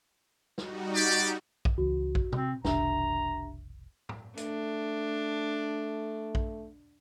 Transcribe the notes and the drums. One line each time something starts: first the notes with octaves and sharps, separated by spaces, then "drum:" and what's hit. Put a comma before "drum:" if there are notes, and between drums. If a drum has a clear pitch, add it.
G3 D#4 F#4, drum: snare
G4 D5
drum: kick A#1
C#2 E3 F#4
drum: kick A#1
C3 C4, drum: tom
F1 B1 D#3 D4 G4 E5 A#5, drum: snare
drum: tom
A3 D4, drum: hi-hat
drum: kick A#1